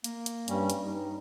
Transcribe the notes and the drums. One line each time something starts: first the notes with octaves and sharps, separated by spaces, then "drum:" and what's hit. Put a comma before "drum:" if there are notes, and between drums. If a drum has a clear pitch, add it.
A#3, drum: hi-hat
drum: hi-hat
G2 G3 C#4, drum: hi-hat
drum: hi-hat
G2 D#4